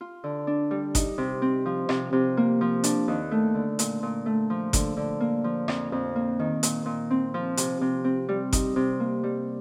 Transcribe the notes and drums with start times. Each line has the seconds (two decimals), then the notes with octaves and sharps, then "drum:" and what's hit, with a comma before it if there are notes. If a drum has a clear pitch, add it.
0.01 F4
0.24 D3
0.47 D4
0.71 G3
0.95 D#4, drum: kick G1, hi-hat
1.18 C3
1.42 C4
1.66 F3
1.89 C3, drum: rim click
2.13 C3
2.37 A#3
2.61 F3
2.84 D4, drum: hi-hat
3.08 D#2
3.31 A3
3.55 D3
3.79 A#2, drum: hi-hat
4.03 A#2
4.26 A3
4.50 F3
4.73 D3, drum: kick G1, hi-hat
4.97 D3
5.20 A#3
5.44 F3
5.68 F2, drum: rim click
5.92 F2
6.16 A#3
6.39 D#3
6.63 A#2, drum: hi-hat
6.86 A#2
7.10 C4
7.34 F3
7.57 C3, drum: hi-hat
7.81 C3
8.04 C4
8.29 G3
8.53 D#4, drum: kick G1, hi-hat
8.76 C3
9.00 A#3
9.23 G3